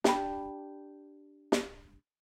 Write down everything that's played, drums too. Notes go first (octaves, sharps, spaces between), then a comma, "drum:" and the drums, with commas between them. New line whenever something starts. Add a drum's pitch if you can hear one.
D4 G4 A5 B5, drum: snare
drum: snare